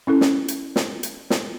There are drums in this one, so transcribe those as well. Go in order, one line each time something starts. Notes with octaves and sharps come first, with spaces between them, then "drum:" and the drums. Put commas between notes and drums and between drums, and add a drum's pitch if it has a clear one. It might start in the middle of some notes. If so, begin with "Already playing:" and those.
C#4 E4 A4
drum: snare
drum: hi-hat
drum: snare
drum: hi-hat
drum: snare